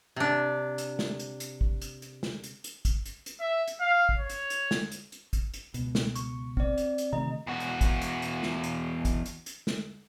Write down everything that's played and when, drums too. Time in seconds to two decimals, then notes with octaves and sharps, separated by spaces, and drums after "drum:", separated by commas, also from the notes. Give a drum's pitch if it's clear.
0.16 C3 D4
0.78 drum: hi-hat
0.99 drum: snare
1.20 drum: hi-hat
1.40 drum: hi-hat
1.61 drum: kick
1.82 drum: hi-hat
2.02 drum: hi-hat
2.23 drum: snare
2.44 drum: hi-hat
2.64 drum: hi-hat
2.85 drum: kick, hi-hat
3.06 drum: hi-hat
3.26 drum: hi-hat
3.40 E5
3.68 drum: hi-hat
3.80 F5
4.09 drum: kick
4.18 C#5
4.30 drum: hi-hat
4.50 drum: hi-hat
4.71 drum: snare
4.92 drum: hi-hat
5.12 drum: hi-hat
5.33 drum: kick, hi-hat
5.54 drum: hi-hat
5.74 C#2 B2, drum: hi-hat
5.95 drum: snare
6.16 C#6, drum: hi-hat
6.57 C4 D5, drum: kick
6.78 drum: hi-hat
6.98 drum: hi-hat
7.13 C3 D#3 A3 D#5 A#5
7.47 E2 F#4
7.60 drum: hi-hat
7.81 drum: kick, hi-hat
8.02 drum: hi-hat
8.22 drum: hi-hat
8.43 drum: snare
8.64 drum: hi-hat
9.05 drum: kick, hi-hat
9.26 drum: hi-hat
9.46 drum: hi-hat
9.67 drum: snare